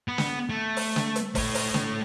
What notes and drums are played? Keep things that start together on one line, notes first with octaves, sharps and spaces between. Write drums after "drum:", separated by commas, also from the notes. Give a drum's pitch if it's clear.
B3
drum: snare
A3
drum: open hi-hat
drum: snare
drum: hi-hat
A3 C#5, drum: kick, open hi-hat
drum: open hi-hat
drum: snare